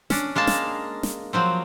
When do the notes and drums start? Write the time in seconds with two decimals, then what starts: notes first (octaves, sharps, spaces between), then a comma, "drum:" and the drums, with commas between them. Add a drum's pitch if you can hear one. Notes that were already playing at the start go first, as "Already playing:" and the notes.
0.10 C#4 D4, drum: snare
0.36 G#3 A#3 F5 A5
0.47 drum: snare
1.03 drum: snare
1.33 F3 F#3 C4